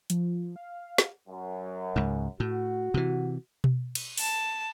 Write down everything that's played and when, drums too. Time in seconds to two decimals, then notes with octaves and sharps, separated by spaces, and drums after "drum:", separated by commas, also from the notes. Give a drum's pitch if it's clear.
0.10 F3, drum: hi-hat
0.56 F5
0.98 drum: snare
1.28 F#2
1.96 C#2 G#2
2.40 A2 F#4
2.94 C3 E3
3.64 drum: tom B2
3.95 drum: cymbal
4.18 A5, drum: open hi-hat